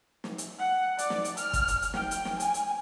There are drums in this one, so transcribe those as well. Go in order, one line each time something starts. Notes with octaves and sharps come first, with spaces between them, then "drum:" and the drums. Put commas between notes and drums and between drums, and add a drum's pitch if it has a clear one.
drum: snare
drum: hi-hat
F#5
D5, drum: hi-hat
drum: snare
drum: hi-hat
F6, drum: hi-hat
drum: kick, hi-hat
drum: hi-hat
drum: hi-hat
G5, drum: snare
drum: hi-hat
drum: snare
G#5, drum: hi-hat
drum: hi-hat